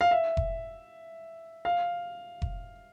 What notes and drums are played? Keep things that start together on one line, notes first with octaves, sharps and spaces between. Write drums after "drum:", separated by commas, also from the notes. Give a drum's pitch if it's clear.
F5
E5
drum: kick F1
F5
drum: kick F1